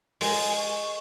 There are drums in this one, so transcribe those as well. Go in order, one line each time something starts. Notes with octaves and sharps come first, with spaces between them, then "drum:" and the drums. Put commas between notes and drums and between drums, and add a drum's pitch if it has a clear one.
G#3 G#5, drum: open hi-hat
C#6